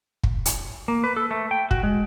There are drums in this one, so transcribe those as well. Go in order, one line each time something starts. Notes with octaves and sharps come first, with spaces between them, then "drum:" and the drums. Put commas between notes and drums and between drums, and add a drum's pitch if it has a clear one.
drum: kick
drum: hi-hat
A#3
B4
A4
A3
G5
F#4, drum: kick
G#3